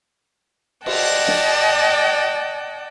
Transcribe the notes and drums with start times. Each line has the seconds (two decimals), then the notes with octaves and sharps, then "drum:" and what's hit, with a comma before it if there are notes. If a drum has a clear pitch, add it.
0.86 D5 D#5 F#5 G5 A5, drum: cymbal
1.28 drum: snare